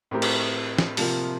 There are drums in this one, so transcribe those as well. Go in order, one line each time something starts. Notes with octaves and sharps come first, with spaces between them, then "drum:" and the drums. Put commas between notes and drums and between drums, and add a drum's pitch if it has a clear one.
A2 A3 C4 G4 A#4
drum: cymbal
drum: snare
C3 F3 A#3 F4, drum: open hi-hat